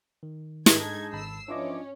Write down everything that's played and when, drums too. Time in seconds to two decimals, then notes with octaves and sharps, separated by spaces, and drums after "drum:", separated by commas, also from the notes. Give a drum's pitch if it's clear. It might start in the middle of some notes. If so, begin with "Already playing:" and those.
0.23 D#3
0.66 G#2 G#3 D4 D#4 A4 G#6, drum: snare
1.13 G#1 A5 B5 E6 C7
1.48 E3 F3 C#4 D4 F4 D#5 D6